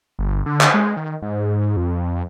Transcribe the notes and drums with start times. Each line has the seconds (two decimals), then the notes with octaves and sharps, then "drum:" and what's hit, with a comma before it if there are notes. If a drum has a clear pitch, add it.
0.19 G1
0.46 D3
0.61 drum: clap
0.74 G#3
0.97 D#3
1.22 G#2
1.77 F2